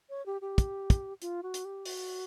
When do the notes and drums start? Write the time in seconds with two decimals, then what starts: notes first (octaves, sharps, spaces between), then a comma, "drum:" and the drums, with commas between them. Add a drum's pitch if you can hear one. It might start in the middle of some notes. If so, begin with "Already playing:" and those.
0.10 C#5
0.26 G4
0.41 G4
0.58 drum: kick, hi-hat
0.90 drum: kick, hi-hat
1.22 F4, drum: hi-hat
1.43 F#4
1.54 drum: hi-hat
1.65 G4
1.86 F#4, drum: open hi-hat